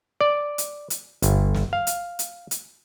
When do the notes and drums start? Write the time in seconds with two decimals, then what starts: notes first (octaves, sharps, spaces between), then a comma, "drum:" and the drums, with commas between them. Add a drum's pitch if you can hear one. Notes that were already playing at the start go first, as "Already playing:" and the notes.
0.21 D5
0.58 drum: hi-hat
0.90 drum: hi-hat
1.22 G1, drum: hi-hat
1.55 drum: snare
1.73 F5
1.87 drum: hi-hat
2.19 drum: hi-hat
2.51 drum: hi-hat